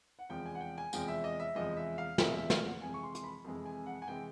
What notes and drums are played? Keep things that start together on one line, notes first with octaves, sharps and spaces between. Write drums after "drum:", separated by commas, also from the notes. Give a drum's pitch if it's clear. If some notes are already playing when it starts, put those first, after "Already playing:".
F#5
E2 C3 F3 G#3 G5
G#5
F#5
G5
G#5
E2 C3 F3 G#3 G5, drum: tambourine
E5
D#5
E5
E2 C3 F3 G#3 D#5
E5
F5
E2 C3 F3 G#3 E5, drum: snare
E5
F5, drum: snare
F#5
F2 C3 E3 G#3 G#5
C#6
C6
C6, drum: hi-hat
B5
F2 C3 E3 G#3
G#5
F#5
G#5
C3 E3 G#3 G5